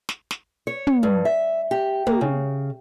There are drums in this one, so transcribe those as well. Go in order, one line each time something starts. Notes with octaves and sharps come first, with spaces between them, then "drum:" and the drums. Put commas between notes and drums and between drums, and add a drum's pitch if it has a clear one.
drum: snare
drum: snare
C#5
drum: tom
G2
E5
G4
A#3, drum: tom
C#3